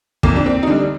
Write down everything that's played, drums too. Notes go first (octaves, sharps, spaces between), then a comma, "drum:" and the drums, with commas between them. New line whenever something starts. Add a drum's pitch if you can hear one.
F2 A#3, drum: kick
D4
C4
D#4
D3 G3 D4